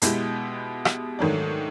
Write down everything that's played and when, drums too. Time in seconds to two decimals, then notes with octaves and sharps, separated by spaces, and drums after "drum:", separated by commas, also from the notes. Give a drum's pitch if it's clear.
0.02 B2 G#3 B3 E4 G4, drum: hi-hat
0.85 drum: rim click
1.19 G#2 D#3 F#3 A3 D4